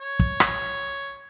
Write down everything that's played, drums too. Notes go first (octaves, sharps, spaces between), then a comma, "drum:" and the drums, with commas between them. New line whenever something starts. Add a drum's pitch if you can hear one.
C#5
drum: kick
drum: rim click